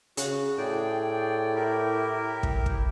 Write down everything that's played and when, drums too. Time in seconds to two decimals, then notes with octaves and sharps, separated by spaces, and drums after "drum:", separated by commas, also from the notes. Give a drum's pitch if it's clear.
0.17 C#3 F#4, drum: hi-hat
0.58 A2 G#4 D5 G5
1.55 E4 G4 A#4
2.43 drum: kick
2.66 drum: kick